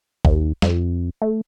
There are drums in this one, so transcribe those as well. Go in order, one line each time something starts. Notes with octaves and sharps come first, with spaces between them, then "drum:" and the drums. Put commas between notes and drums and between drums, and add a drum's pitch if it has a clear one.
D#2, drum: kick A1
F2, drum: snare
A3